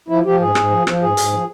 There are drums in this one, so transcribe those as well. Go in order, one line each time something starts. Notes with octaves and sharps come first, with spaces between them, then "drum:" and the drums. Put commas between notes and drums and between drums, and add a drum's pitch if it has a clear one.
F3 E4
F3 G4
G#2 G#4
G#2, drum: rim click
F3
F3, drum: rim click
G#2 G#4
G#2, drum: hi-hat
F3